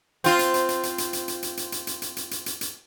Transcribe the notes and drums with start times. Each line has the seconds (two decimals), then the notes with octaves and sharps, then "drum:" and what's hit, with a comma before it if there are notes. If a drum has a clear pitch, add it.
0.24 C4 F4, drum: hi-hat
0.39 drum: hi-hat
0.54 drum: hi-hat
0.69 drum: hi-hat
0.83 drum: hi-hat
0.98 drum: hi-hat
1.13 drum: hi-hat
1.28 drum: hi-hat
1.43 drum: hi-hat
1.57 drum: hi-hat
1.72 drum: hi-hat
1.87 drum: hi-hat
2.02 drum: hi-hat
2.17 drum: hi-hat
2.31 drum: hi-hat
2.46 drum: hi-hat
2.61 drum: hi-hat